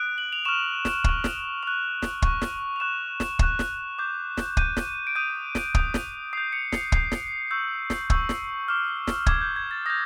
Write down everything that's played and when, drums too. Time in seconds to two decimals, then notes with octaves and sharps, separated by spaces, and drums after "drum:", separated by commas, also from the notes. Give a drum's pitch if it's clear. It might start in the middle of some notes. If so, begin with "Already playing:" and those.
Already playing: D#6 F#6 D7
0.18 F#7
0.33 F7
0.45 C#6 F6 E7
0.85 drum: snare
1.04 C#6 F6, drum: kick
1.24 drum: snare
1.63 C#6 F#6 F7
2.02 drum: snare
2.22 C#6 F#6, drum: kick
2.42 drum: snare
2.76 F7
2.80 C#6 F#6 E7
3.20 drum: snare
3.39 C#6 F#6 E7, drum: kick
3.59 drum: snare
3.99 D6 G6
4.37 drum: snare
4.57 D6 G6 D#7, drum: kick
4.77 drum: snare
5.07 D7
5.15 D#6 G6 D#7
5.55 drum: snare
5.75 D#6 G6, drum: kick
5.94 drum: snare
6.33 D#6 G6 C7
6.53 C#7
6.72 C7, drum: snare
6.92 D#6 G6 C7, drum: kick
7.12 drum: snare
7.51 C#6 E6 G6
7.90 drum: snare
8.10 C#6 E6 G6, drum: kick
8.29 drum: snare
8.68 D6 F6
9.07 drum: snare
9.26 D6 F6 G#6, drum: kick
9.42 G6
9.56 G#6
9.71 A6
9.86 D#6 G6 A#6